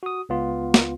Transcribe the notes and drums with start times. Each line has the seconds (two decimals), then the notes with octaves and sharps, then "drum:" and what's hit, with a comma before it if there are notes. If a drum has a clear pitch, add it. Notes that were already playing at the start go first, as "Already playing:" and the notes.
0.03 F#4 D#6
0.29 C#2 B3 F4
0.74 drum: snare